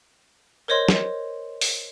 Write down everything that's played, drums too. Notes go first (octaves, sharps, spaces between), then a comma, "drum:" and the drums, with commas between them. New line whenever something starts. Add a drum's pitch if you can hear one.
A#4 C5 C#5 D#5 C6
drum: snare
drum: open hi-hat